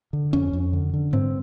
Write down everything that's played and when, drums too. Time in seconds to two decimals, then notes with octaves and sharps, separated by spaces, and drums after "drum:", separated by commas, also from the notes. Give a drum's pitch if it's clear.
0.13 D3
0.33 F2 C#4
0.53 F2
0.73 D3
0.94 D3
1.13 G2 C4, drum: tom G2